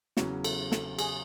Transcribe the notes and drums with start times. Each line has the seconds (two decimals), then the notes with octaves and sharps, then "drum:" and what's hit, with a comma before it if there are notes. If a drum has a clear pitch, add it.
0.17 E2 C#3 F#3 C#4 F#4, drum: snare
0.44 A4, drum: cymbal
0.72 A4, drum: snare
0.99 G#4, drum: cymbal